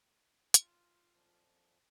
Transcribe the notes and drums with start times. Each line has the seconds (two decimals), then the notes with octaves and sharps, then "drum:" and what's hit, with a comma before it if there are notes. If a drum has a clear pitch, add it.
0.54 F4, drum: hi-hat
1.14 F2 A#2 F3